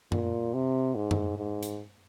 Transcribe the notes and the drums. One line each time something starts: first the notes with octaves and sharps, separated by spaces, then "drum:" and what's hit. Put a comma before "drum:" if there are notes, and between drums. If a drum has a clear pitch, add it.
A#2, drum: tom F#2
C3
G#2
drum: tom F#2
G#2
drum: hi-hat